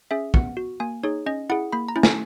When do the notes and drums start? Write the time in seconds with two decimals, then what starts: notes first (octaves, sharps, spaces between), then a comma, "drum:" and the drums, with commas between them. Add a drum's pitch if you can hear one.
0.11 C#4 G#4 E5
0.34 B3 F#5, drum: kick
0.57 F#4
0.80 A#3 G#5
1.03 D#4 G#4 C#5
1.26 C#4 D#5
1.50 E4 G#4 F#5
1.72 A#3 B5
1.88 A#5
1.96 C#4 E4
2.03 G#5, drum: snare